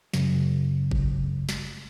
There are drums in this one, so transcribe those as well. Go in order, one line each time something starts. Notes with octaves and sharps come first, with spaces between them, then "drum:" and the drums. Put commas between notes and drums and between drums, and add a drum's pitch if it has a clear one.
F#2 C#3 F#3, drum: snare
drum: kick F#1
drum: snare